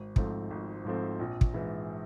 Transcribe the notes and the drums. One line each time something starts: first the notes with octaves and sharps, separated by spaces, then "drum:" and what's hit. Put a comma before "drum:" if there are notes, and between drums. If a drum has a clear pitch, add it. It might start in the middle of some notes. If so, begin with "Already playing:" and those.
Already playing: G#1
G#2 F3 A3 C4, drum: kick
G#1
G#2 F3 A3 C4
A#1
drum: kick
G#2 E3 G#3